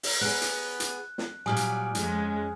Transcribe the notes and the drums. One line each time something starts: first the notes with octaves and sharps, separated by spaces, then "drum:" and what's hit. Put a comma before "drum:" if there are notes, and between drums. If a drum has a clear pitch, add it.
drum: open hi-hat
B3 G#4 F#6
drum: hi-hat
drum: hi-hat
drum: snare
A#2 F#3 G3 G#5 D#6 F6
drum: hi-hat
F2 G#3 C#4, drum: hi-hat